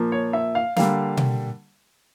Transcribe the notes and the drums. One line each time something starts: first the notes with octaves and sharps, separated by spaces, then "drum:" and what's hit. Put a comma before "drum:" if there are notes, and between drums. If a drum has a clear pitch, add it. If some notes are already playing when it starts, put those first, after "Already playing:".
Already playing: A#2 F3 A#3
C#5
E5
F5
D3 G3 A#3 F5, drum: snare
drum: tom B2